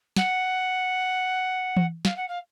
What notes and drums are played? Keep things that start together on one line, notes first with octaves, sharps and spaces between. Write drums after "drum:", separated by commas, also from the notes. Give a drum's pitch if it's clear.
F#5, drum: snare
drum: tom E3
F5, drum: snare
F#5
F5